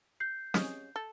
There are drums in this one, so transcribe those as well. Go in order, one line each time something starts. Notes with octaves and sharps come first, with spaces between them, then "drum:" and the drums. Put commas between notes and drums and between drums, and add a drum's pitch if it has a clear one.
G6 C7
C#4 G#4 D#5, drum: snare
A4